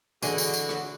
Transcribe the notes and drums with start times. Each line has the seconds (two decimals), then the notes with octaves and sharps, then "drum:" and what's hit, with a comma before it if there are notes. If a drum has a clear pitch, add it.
0.22 D3 E3 D4 F#4 G#4 D#5 G#5, drum: tambourine
0.38 drum: tambourine
0.54 drum: tambourine
0.69 drum: rim click